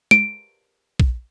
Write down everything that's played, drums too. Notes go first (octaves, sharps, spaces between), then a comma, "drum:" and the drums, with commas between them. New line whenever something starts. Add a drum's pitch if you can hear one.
D7, drum: tom
drum: kick A#1